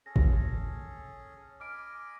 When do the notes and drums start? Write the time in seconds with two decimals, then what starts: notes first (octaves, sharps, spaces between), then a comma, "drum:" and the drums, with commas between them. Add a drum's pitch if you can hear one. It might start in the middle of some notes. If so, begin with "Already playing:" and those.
0.06 C#4 G#4 A4 A#6
0.16 drum: kick
1.60 D#5 G#5 B5 D6 F6 D7